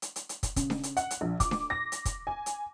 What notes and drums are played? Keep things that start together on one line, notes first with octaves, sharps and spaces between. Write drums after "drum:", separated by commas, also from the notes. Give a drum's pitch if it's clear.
drum: hi-hat
drum: hi-hat
drum: hi-hat
drum: kick, hi-hat
C#3, drum: kick, hi-hat
drum: snare D4
drum: hi-hat
F#5, drum: hi-hat
drum: hi-hat
A#1
D6, drum: kick, hi-hat
drum: snare D4
A#6
drum: hi-hat
drum: kick, hi-hat
G#5
drum: hi-hat